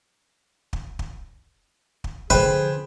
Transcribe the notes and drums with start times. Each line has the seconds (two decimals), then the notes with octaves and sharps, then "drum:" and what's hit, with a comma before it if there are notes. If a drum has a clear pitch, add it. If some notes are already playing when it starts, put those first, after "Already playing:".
0.73 drum: kick
0.99 drum: kick
2.04 drum: kick
2.30 D3 F3 G#4 B4 C5 G5